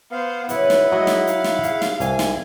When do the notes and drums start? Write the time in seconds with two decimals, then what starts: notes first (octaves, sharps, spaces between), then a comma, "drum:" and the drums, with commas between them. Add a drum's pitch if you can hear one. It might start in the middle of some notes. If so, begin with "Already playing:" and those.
0.11 B3 C5 F5
0.49 E2 C#3 F#3 E4 B4 F#5, drum: hi-hat
0.70 drum: snare
0.92 F#3 G#3 F#4 D#5
1.07 drum: snare
1.27 D#4 F5, drum: hi-hat
1.44 drum: snare
1.63 C#3 G4, drum: hi-hat
1.82 drum: snare
2.00 C2 E3 G#5, drum: hi-hat
2.19 drum: snare